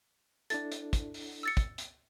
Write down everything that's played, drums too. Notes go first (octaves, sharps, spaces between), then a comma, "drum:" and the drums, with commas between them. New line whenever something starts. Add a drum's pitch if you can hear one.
D4 E4 A4 A6, drum: hi-hat
drum: hi-hat
drum: kick, hi-hat
drum: open hi-hat
E6 A6 C#7
drum: kick, hi-hat
drum: hi-hat